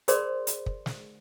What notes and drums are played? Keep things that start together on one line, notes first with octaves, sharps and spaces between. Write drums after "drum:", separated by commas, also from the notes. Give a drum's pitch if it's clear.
G#4 A#4 C5 D5 B5 C6, drum: hi-hat
drum: hi-hat
drum: kick
drum: snare